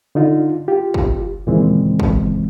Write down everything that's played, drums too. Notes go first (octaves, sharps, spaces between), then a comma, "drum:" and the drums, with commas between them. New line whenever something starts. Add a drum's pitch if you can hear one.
D3 D#4 F4
F4 G4
drum: kick
D#2 A#2 C#3 E3 G#3 C4
drum: kick